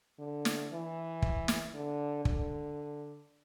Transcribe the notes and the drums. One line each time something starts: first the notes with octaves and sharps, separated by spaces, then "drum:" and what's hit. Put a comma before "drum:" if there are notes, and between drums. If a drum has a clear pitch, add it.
D3
drum: snare
E3
drum: kick
drum: snare
D3
D3, drum: kick